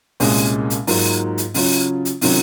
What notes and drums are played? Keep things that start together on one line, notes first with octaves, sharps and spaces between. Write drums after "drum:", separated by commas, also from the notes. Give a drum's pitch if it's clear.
C2 A#2 G#3 C#4, drum: open hi-hat
drum: hi-hat
drum: hi-hat
G#2 F#3 A#3 F4, drum: open hi-hat
drum: hi-hat
drum: hi-hat
C#3 F#3 C#4 F4, drum: open hi-hat
drum: hi-hat
drum: hi-hat
C3 D#3 F#3 C#4 F4, drum: open hi-hat